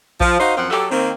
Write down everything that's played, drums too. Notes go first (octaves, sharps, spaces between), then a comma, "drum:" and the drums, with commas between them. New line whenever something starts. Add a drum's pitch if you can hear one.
F3, drum: kick A#1
D#4 F#4 C5 D#5 F5
F#2 F3 C4 F#5
F#3 G4 A4, drum: clap
D#3 A#3 C4